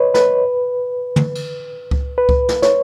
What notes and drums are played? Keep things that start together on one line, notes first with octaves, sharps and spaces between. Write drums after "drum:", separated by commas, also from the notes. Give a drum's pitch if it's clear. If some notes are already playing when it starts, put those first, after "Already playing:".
Already playing: B4 C#5 D#5
B4, drum: snare
drum: tom
drum: cymbal
drum: kick C#2
B4
drum: kick C#2
drum: snare
C#5, drum: snare